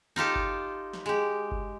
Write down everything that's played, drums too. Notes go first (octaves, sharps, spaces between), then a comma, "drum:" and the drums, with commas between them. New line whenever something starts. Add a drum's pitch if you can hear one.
D#4 F4 G4 A4
drum: kick G1
drum: snare
G#3 G4
drum: kick G1